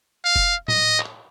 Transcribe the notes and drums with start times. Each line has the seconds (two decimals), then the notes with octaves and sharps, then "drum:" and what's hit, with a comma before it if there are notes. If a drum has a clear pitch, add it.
0.25 F5
0.36 drum: kick F1
0.68 D#5, drum: tom A2
1.00 drum: clap